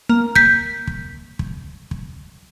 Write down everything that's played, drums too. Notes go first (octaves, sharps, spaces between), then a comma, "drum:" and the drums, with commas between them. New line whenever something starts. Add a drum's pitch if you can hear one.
A#3
G6 B6, drum: kick
drum: kick
drum: kick
drum: kick